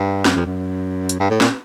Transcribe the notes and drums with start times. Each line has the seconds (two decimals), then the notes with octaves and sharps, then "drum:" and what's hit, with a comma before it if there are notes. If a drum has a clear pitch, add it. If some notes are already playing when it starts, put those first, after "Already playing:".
Already playing: G2
0.25 F#2, drum: snare
0.36 F2
0.46 F#2
1.09 drum: hi-hat
1.20 G2
1.30 A2
1.41 A#2, drum: snare